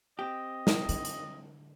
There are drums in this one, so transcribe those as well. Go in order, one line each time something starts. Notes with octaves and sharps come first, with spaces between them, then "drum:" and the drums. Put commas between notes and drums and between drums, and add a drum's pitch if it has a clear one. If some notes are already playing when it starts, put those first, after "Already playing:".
C4 G4 D#5
drum: snare
D3, drum: hi-hat
drum: hi-hat